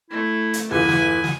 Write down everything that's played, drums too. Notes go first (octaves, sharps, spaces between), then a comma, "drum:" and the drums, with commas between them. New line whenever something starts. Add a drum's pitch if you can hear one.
A3 E4
drum: hi-hat
G1 E2 E4 G#5
drum: snare
drum: snare